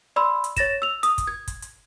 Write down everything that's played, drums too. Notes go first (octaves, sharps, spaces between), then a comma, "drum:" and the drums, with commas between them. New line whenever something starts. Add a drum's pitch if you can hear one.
D5 B5 C6 E6
drum: hi-hat
C#5 A6 A#6 E7, drum: kick, hi-hat
E6 F7
D#6, drum: hi-hat
drum: kick, hi-hat
G#6
drum: kick, hi-hat
drum: hi-hat